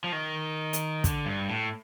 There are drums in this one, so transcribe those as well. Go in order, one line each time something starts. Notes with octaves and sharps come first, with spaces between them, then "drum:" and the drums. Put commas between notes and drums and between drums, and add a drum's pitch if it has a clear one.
F3
D#3
drum: hi-hat
D3, drum: kick, hi-hat
G2
A2